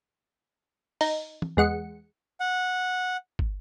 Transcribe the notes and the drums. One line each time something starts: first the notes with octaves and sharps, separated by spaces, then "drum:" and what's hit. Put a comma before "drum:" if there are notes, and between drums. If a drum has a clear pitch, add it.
D#4, drum: open hi-hat
drum: tom
E2 G#3 F#5 C#7
F#5
drum: kick